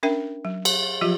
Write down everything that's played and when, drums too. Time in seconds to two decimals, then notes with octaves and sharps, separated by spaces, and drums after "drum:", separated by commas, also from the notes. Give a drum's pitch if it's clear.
0.03 C#4 D4 A#4 E5 G5
0.45 F#3
0.65 drum: cymbal
1.01 F3 F#3 F4 G4